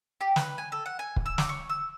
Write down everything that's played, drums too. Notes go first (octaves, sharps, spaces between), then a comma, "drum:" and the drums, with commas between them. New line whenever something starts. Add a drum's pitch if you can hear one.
G4
B4, drum: snare
G#5
A4
F#5
G#5
drum: kick
E6
D6, drum: snare
C#5
E6